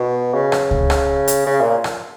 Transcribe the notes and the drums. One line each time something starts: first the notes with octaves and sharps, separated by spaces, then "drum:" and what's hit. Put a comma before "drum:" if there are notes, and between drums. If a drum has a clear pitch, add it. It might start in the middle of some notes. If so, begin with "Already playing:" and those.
Already playing: B2
C#3
drum: rim click
drum: kick C#2
drum: rim click
drum: hi-hat
C#3
A#2
drum: rim click